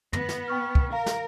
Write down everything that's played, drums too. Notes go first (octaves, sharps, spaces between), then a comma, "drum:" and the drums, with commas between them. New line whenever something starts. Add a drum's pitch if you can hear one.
B3 A#6, drum: tom
drum: snare
G5 C#6 F6
drum: kick
A#4 F5 A#5
drum: snare